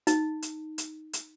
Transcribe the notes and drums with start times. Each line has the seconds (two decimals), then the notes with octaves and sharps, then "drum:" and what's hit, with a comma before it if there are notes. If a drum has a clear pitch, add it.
0.07 D#4, drum: hi-hat
0.42 drum: hi-hat
0.78 drum: hi-hat
1.13 drum: hi-hat